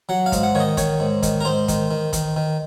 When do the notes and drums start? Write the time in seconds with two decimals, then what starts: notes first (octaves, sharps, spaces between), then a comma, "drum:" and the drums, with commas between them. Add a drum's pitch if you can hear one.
0.09 F#3 F#5
0.26 F5
0.32 G#2, drum: kick, hi-hat
0.43 F#5
0.55 D#3 C#5
0.60 D#5
0.77 D#3 C#5, drum: kick, hi-hat
1.00 G#2
1.23 D#3, drum: kick, hi-hat
1.41 A#4
1.45 G#2 C5
1.68 D#3, drum: kick, hi-hat
1.91 D#3
2.13 D#3, drum: kick, hi-hat
2.36 D#3